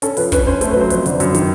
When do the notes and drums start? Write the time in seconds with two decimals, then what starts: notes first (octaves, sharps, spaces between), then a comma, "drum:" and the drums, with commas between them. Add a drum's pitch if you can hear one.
0.02 C#4 A4, drum: hi-hat
0.17 F3 B4, drum: open hi-hat
0.32 C#4 B4, drum: kick, hi-hat
0.47 C#4 C5
0.61 A3 C5, drum: hi-hat
0.71 F#3 B4
0.81 C5
0.90 F2, drum: hi-hat
1.06 D3, drum: hi-hat
1.20 F#2, drum: hi-hat
1.35 D#3, drum: hi-hat